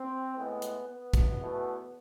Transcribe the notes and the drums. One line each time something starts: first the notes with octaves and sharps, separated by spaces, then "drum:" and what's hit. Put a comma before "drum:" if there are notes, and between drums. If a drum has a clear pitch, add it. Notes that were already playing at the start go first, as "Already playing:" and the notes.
Already playing: C4
A2 G#3 B3
drum: hi-hat
B3
drum: kick, hi-hat
E2 B2 A3